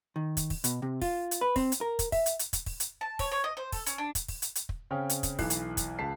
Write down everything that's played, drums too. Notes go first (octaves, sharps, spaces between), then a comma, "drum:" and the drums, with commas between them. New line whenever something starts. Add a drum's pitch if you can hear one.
D#3
drum: kick, hi-hat
drum: kick, open hi-hat
B2, drum: hi-hat
C3
F4, drum: kick, open hi-hat
drum: hi-hat
B4
C4, drum: kick, open hi-hat
drum: hi-hat
A#4
drum: kick, hi-hat
E5, drum: kick, open hi-hat
drum: hi-hat
drum: hi-hat
drum: kick, hi-hat
drum: kick, open hi-hat
drum: hi-hat
A5
C#5, drum: kick, open hi-hat
C#5
D#5
C5
A4, drum: kick, open hi-hat
C#4, drum: hi-hat
D4
drum: kick, hi-hat
drum: kick, open hi-hat
drum: hi-hat
drum: hi-hat
drum: kick
C#3 C4 C#4 G5 F6
drum: hi-hat
drum: kick, hi-hat
B1 E3 F#6 C7, drum: kick, open hi-hat
drum: hi-hat
drum: kick, hi-hat
C#2 A5 B6 C7